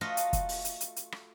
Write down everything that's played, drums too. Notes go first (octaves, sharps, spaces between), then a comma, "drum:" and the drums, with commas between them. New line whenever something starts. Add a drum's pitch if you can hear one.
A3 F4 F#4 D#5 F5 A#5
drum: hi-hat
drum: kick, hi-hat
drum: open hi-hat
drum: hi-hat
drum: hi-hat
drum: hi-hat
drum: rim click